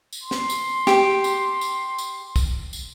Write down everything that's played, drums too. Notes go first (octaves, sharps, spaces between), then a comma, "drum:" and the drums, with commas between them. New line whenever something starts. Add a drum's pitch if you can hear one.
drum: tambourine
C6
drum: snare
drum: tambourine
G4, drum: snare
drum: tambourine
drum: tambourine
drum: tambourine
drum: kick, tambourine
drum: tambourine